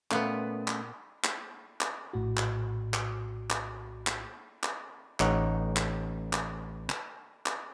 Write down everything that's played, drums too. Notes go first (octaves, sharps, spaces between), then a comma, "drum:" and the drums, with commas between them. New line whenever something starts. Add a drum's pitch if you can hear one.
A#2 A3 B3 C#4, drum: clap
drum: clap
drum: clap
drum: clap
A#1 A2 F#4
drum: clap
drum: clap
drum: clap
drum: clap
drum: clap
A1 D#4 C#5 F#5, drum: clap
drum: clap
drum: clap
drum: clap
drum: clap